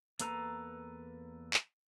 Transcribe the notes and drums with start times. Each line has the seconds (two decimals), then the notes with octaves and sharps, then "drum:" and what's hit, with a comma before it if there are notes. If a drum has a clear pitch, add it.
0.19 E2 A#3 A4 B4 A#5, drum: hi-hat
1.54 drum: clap